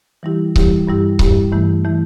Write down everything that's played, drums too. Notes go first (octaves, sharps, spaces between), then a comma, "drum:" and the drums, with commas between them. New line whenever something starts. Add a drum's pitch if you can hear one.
E3 G3 E4 G4
E3 G3 E4 G4, drum: kick C#1
G2 G3 E4 G4
G2 G3 E4 G4, drum: kick C#1
G2 E3 A3 E4
E3 A3 E4